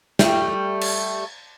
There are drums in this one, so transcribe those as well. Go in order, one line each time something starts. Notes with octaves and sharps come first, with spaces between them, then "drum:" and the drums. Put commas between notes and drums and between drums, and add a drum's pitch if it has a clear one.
G3 A3, drum: snare
drum: cymbal